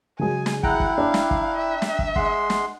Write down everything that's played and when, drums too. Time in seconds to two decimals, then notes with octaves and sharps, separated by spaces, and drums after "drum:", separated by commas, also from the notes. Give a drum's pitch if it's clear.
0.19 C#3 F#3 G#3 G#4 G#5
0.46 drum: snare
0.63 E4 F#5 G5 A#5 F#6, drum: kick
0.80 drum: kick
0.98 D4 F5
1.14 drum: snare
1.31 drum: kick
1.56 E5
1.82 drum: snare
1.99 drum: kick
2.16 G#3 F#5 C6, drum: kick
2.50 drum: snare